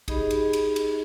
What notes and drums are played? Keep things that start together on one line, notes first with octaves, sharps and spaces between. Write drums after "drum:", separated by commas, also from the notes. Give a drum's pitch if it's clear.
D#4 G4 G#4 D#5 B5, drum: kick A#1, cymbal
drum: cymbal
drum: cymbal
drum: cymbal